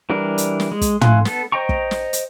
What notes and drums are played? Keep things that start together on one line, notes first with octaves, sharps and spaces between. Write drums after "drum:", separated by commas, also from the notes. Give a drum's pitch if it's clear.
E3 G3 D4 A#4
drum: hi-hat
drum: snare
G#3
drum: kick, hi-hat
A3 F5 G#5 C6 F#6, drum: tom
B3 A4, drum: snare
C5 D#5 G5 A#5 C#6
drum: kick
drum: snare
drum: hi-hat